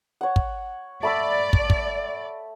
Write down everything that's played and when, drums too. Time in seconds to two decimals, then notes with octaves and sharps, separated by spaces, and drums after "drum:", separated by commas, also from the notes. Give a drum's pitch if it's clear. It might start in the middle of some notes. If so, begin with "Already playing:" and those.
0.21 C#5 F#5
0.36 drum: kick
1.03 A3 D5 B5 E6
1.53 drum: kick
1.70 drum: kick